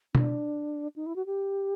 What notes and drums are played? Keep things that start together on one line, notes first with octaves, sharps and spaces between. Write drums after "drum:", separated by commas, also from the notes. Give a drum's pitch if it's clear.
D4, drum: tom B2
D#4
E4
F#4
G4